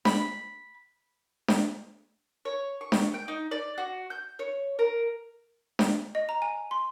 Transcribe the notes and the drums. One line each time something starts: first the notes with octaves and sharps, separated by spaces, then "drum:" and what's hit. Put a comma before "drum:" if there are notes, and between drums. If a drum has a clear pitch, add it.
B5, drum: snare D4
drum: snare D4
C#5
C#6
drum: snare D4
G5
D#4
D5
F#4
G6
C#5
A#4
drum: snare D4
D#5
A#5
G#5
C6